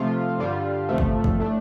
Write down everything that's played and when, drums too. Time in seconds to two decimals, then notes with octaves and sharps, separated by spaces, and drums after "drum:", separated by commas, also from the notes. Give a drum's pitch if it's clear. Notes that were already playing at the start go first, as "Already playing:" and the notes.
Already playing: C3 F3 A3 F4
0.38 G2 D3 G3 F4
0.89 G1 F2 C3 F3 A3
0.98 drum: kick
1.24 drum: kick
1.39 A2 A3 D4